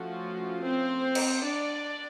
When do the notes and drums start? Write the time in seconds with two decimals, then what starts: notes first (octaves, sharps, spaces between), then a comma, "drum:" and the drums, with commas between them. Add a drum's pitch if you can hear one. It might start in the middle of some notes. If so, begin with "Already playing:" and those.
Already playing: F3 A3 C#4 F4 F#4
0.64 C4 C5
1.15 drum: cymbal
1.45 D4 D5